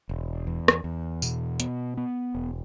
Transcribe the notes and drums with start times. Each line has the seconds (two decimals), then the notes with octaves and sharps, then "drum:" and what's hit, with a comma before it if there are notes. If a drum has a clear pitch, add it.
0.09 E1
0.47 E2
0.68 drum: rim click
0.84 E2
1.22 B2, drum: tambourine
1.60 B3, drum: hi-hat
1.97 B3
2.35 E1